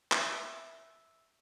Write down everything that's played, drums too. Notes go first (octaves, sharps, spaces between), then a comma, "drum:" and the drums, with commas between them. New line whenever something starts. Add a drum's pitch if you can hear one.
E5, drum: clap